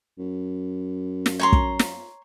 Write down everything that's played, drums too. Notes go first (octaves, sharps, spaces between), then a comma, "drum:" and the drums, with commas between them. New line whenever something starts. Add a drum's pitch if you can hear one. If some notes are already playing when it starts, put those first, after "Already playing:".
F#2
drum: snare
C#5 A#5 C6
drum: kick
drum: snare